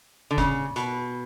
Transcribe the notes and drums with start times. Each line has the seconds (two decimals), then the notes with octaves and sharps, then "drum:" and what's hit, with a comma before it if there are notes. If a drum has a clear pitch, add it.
0.31 D3
0.38 C#3, drum: kick F1, hi-hat
0.76 B2, drum: hi-hat